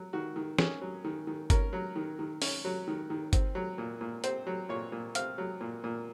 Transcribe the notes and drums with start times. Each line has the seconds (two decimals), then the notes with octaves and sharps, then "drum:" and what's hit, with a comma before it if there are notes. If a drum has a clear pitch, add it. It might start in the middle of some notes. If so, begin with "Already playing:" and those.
Already playing: F#3
0.13 D#3 F#4
0.36 D#3
0.59 C#4 G#4, drum: snare
0.81 F#3
1.05 D#3
1.27 D#3
1.50 C#4 A#4, drum: kick G1, hi-hat
1.73 F#3
1.96 D#3
2.19 D#3
2.42 C#4, drum: open hi-hat
2.65 F#3
2.88 D#3
3.10 D#3
3.33 C4, drum: kick G1, hi-hat
3.55 F#3
3.78 A#2
4.01 A#2
4.24 C4 C5, drum: hi-hat
4.47 F#3
4.69 A#2 C#5
4.92 A#2
5.15 C4 F5, drum: hi-hat
5.38 F#3
5.61 A#2
5.84 A#2